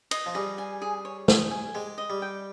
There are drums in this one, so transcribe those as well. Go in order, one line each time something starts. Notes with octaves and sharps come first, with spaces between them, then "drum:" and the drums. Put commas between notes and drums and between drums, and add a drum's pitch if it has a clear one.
D#5, drum: cymbal
F3
G3 G#4
G#5
G#4
C#5
G#4, drum: snare
G#5
G#3 G4
D#5
G3
G5